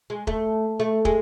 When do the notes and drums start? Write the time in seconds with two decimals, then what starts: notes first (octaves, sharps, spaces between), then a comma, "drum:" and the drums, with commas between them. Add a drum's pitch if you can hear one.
0.10 G#3
0.27 A3, drum: kick
0.80 A3
1.05 G#3, drum: kick